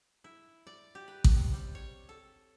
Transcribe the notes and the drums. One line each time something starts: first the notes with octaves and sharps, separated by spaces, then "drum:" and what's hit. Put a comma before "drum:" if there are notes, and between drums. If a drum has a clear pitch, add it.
E4
D5
G4
B4
drum: kick A1
C3
G3
C#5
A4